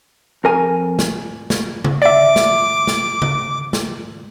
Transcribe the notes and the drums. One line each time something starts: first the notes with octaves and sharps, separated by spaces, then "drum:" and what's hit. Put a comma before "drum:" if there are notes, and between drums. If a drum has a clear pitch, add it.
F2 A#4 G#5
drum: snare
drum: snare
drum: tom C#3
D5 E5 D6
drum: snare
drum: snare
drum: tom C#3
drum: snare